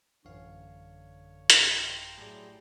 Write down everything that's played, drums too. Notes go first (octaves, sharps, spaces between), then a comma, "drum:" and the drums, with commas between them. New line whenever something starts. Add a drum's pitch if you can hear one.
A1 F#2 D3 C#5 F5
G5 A#5 C6, drum: hi-hat
A2 F#3 E4 G4 G#4 D5